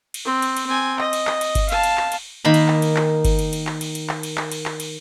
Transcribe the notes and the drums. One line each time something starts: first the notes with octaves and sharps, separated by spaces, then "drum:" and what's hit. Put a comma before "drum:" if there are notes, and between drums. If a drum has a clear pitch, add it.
drum: cymbal
C4
drum: cymbal
drum: cymbal
C4 G#5
D#5, drum: clap
drum: cymbal
drum: clap
drum: cymbal
drum: kick G1, cymbal
F5 A5, drum: cymbal
drum: cymbal
drum: clap
drum: cymbal
D#3 A#3 B5
drum: cymbal
drum: clap
drum: cymbal
drum: clap
drum: kick G1, cymbal
drum: cymbal
drum: cymbal
drum: clap
drum: cymbal
drum: cymbal
drum: clap
drum: cymbal
drum: clap
drum: cymbal
drum: clap
drum: cymbal